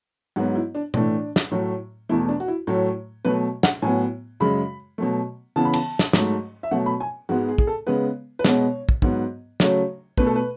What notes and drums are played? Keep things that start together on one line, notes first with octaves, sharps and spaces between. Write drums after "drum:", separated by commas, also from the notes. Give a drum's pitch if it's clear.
G#2 F#3 B3 F#4
E4
D4
A2 E3 A3 D4, drum: tom B2
drum: snare
A2 F#3 A3
E2 B2 A3 E4
D4
F#4
E4
A2 F#3 A3 C#5
B2 F#3 A3 B4
F#5, drum: snare
A2 F#3 B3 G#5
F#2 C#3 G#3 B5
B2 F#3 A3
C#3 E3 B3 A5
B5
A5, drum: cymbal
drum: snare
G#2 F#3 A3, drum: snare
E5
B2 F#3 A3 F#5
B5
G#5
G#2 G#3 B3 F#4
G#4
G#4, drum: kick
A4
C#3 G#3 B3 B4
B4
B2 G#3 B3 C#5, drum: snare
drum: kick
G#2 F#3 B3, drum: kick
C#3 F#3 A3 C#5, drum: snare
B2 A3 B4, drum: kick
A4
B4